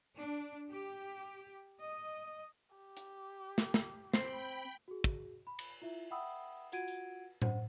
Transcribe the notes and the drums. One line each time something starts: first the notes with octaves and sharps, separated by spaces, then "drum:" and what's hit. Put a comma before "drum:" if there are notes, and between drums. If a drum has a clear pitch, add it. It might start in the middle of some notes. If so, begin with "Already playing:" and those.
D4
G4
D#5
G4
drum: hi-hat
drum: snare
drum: snare
C4 G5 B5, drum: snare
F#4 G#4
drum: kick
B5
drum: cymbal
E4 F4 E5
E5 F#5 G5 B5 D#6 E6
F4 F#4 F#5 G#6 D7 D#7, drum: tambourine
drum: tambourine
C5 F#5, drum: tom A2